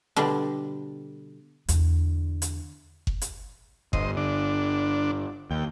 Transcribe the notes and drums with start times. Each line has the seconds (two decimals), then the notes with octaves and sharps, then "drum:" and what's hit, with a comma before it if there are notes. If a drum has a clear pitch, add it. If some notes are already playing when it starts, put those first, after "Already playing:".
0.16 B2 D3 G3 D4
1.68 E2 D3, drum: hi-hat
2.42 drum: hi-hat
3.07 drum: kick F#1
3.21 drum: hi-hat
3.93 G1 C5 D#5, drum: kick F#1
4.17 D3 D4
5.51 D#2 G5